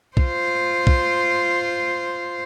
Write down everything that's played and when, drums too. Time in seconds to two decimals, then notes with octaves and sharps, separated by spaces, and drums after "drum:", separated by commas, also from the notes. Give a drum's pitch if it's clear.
0.17 F4 C5, drum: kick
0.87 drum: kick